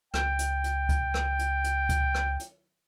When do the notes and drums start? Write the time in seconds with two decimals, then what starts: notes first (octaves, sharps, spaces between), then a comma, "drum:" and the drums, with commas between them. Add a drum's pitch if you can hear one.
0.14 C#2 G5, drum: rim click
0.39 drum: hi-hat
0.64 drum: hi-hat
0.89 drum: kick D2, hi-hat
1.14 drum: rim click
1.39 drum: hi-hat
1.64 drum: hi-hat
1.89 drum: kick D2, hi-hat
2.14 drum: rim click
2.39 drum: hi-hat